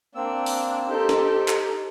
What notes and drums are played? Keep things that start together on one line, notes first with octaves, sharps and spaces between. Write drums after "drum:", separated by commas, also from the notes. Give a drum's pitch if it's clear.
A#3 C4 D4 E6
drum: open hi-hat
D#4 G4 A4 C5
drum: snare
drum: clap